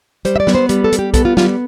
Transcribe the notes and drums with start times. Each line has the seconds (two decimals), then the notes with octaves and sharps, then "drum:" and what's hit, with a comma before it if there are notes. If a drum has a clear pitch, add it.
0.25 G3 C5, drum: hi-hat
0.36 E5
0.40 D5
0.47 B3, drum: snare
0.55 C5
0.69 G3 B4, drum: hi-hat
0.84 A4
0.93 G3, drum: hi-hat
0.99 G4
1.14 B3 A4, drum: kick, hi-hat
1.25 F4
1.37 G3 F4, drum: snare